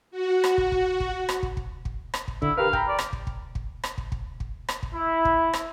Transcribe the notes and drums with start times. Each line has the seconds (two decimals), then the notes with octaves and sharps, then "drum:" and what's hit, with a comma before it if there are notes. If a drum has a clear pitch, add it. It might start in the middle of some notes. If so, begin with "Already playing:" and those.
0.11 F#4
0.44 drum: rim click
0.58 drum: kick
0.72 drum: kick
1.00 drum: kick
1.29 drum: rim click
1.43 drum: kick
1.57 drum: kick
1.85 drum: kick
2.14 drum: rim click
2.28 drum: kick
2.42 D3 E4, drum: kick
2.57 G4 A#4 B4 F5
2.73 G5 A#5 B5, drum: kick
2.88 D5
2.99 drum: rim click
3.13 drum: kick
3.27 drum: kick
3.55 drum: kick
3.84 drum: rim click
3.98 drum: kick
4.12 drum: kick
4.40 drum: kick
4.68 drum: rim click
4.83 drum: kick
4.93 E4
5.25 drum: kick
5.53 drum: rim click